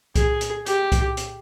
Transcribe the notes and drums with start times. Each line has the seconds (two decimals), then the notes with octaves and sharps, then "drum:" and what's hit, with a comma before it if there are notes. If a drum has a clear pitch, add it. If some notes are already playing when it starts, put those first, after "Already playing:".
0.16 G#4, drum: kick C2, hi-hat
0.41 drum: hi-hat
0.66 G4, drum: hi-hat
0.92 drum: kick C2, hi-hat
1.17 drum: hi-hat